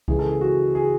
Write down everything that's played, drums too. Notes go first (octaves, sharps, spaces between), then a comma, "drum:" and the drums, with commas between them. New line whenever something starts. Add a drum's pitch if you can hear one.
C#2 C#3 E3 G#3 G#4, drum: kick C2
A4
G#4
F#4
G#4